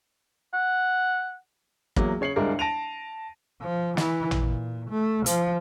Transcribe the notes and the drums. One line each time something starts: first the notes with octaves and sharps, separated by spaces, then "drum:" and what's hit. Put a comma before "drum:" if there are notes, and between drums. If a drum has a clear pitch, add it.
F#5
E2 F#3 A#3, drum: kick
C#3 C#5 C7 C#7 F#7
G1 C2 G#3 D4 A#4
A5 A#6 D7 D#7 F7
F3
E3, drum: snare
drum: tom A1
A#2
A3
F3, drum: hi-hat